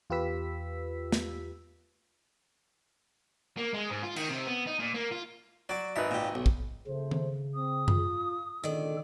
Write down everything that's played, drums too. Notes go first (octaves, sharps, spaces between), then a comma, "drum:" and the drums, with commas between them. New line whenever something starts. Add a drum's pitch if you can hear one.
E2 F4 G4 B4 E6 B6
drum: snare
A#3
G#3
G#2
F4
D#3, drum: cymbal
C3
B3
D#4
A#2
A#3
F4
F#3 F#4 D5 D6
G#1 D#4 B4 E5
A#2 G4
B1
drum: kick
F2 C#3 A3 C5
drum: tom D#3
C4 D#6
F4, drum: tom F#2
C#2 A#2 D3 D#3 A4 D5